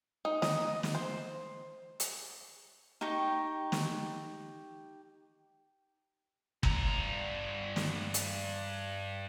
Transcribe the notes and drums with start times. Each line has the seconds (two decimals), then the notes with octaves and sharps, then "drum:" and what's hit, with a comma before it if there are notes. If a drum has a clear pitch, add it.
0.25 D#4
0.42 D#5, drum: snare
0.83 drum: snare
0.95 C5
2.00 drum: hi-hat
3.01 D#4 G4 G5 C#6
3.72 drum: snare
6.63 G2 A#5, drum: kick G1
7.76 drum: snare
8.14 drum: hi-hat